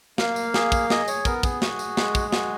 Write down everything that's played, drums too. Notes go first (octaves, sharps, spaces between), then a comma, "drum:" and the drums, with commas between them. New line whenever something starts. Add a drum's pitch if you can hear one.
A#3 F5, drum: snare
drum: tambourine
G#4, drum: snare
drum: kick, tambourine
G#4 D#5, drum: snare
C#5, drum: tambourine
B3 A#4, drum: kick, tambourine
G#4, drum: kick, tambourine
F#4, drum: snare
drum: tambourine
G#3, drum: snare
drum: kick, tambourine
F#4, drum: snare